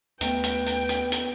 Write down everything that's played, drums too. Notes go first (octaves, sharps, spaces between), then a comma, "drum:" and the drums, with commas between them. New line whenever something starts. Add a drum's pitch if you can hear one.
D#2 A3 B3 B4 G5, drum: hi-hat
drum: hi-hat
drum: hi-hat
drum: hi-hat
drum: hi-hat